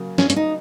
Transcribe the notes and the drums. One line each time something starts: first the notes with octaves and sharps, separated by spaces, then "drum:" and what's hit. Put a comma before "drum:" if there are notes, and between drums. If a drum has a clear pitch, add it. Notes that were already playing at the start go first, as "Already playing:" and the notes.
Already playing: C#3 F#3 A#3
C#4, drum: snare
C#4, drum: hi-hat
D#4